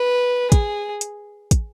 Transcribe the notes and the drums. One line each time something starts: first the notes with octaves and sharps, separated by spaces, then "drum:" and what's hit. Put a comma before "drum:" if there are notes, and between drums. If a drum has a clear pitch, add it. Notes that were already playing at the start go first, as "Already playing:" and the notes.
Already playing: B4
G#4, drum: kick, hi-hat
drum: hi-hat
drum: kick, hi-hat